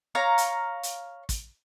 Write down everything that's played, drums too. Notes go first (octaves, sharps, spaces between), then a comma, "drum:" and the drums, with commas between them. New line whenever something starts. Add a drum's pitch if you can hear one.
C#5 F5 A#5
drum: hi-hat
drum: hi-hat
drum: kick, hi-hat